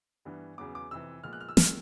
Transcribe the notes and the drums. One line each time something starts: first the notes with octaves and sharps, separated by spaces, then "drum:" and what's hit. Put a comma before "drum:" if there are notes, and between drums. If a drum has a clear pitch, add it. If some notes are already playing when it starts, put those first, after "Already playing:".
G2 E3 G3 B3
E2 C#3 F#3 B3 D6
D6
F2 C3 E3 E6
A#2 F3 G#3 B3 F6
F#6
F6
E6
D#3 G#3 F6, drum: snare